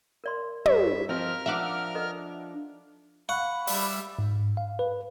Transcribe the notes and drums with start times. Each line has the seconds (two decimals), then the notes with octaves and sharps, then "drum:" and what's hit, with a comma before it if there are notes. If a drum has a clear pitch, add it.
0.24 A#4 D5 C6
0.66 G2 G4 E5, drum: tom
1.09 F3 C4 A#4 D#5 F6
1.46 F3 D4 E5 F#5 D6
1.95 A4 B4 D#5
3.29 F5 F#5 B5 C#6
3.67 G3 D5 E5 D6, drum: open hi-hat
4.19 G#2
4.57 F5
4.79 B4